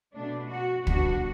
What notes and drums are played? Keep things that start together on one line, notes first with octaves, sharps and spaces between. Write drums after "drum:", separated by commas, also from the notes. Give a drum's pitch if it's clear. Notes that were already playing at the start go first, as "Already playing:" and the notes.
B2 A3 D4
F#4
B2 G3 B3 D4 F#4, drum: kick